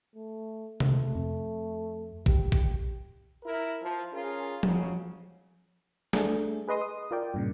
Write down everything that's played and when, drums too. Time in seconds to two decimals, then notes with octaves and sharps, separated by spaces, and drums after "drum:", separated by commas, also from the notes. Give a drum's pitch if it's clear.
0.15 A3
0.80 A3, drum: tom C3
1.15 F2
2.26 D#1 G4, drum: kick A1
2.52 drum: kick A1
3.43 E4 A#4
3.80 F3
4.12 C#4 F4 G#4 A#4
4.63 F2 C#3 F3 F#3, drum: tom F3
6.13 A3 D4 G#4, drum: snare
6.68 G#4 B4 D#5 C6 D#6
6.82 D#6
7.11 F4 A#4 D5 G5
7.34 G2 A#2 C#3